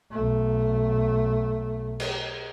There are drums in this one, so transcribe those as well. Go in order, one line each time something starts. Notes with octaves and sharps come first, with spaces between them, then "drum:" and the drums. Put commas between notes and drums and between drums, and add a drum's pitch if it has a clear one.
B1 A3
drum: cymbal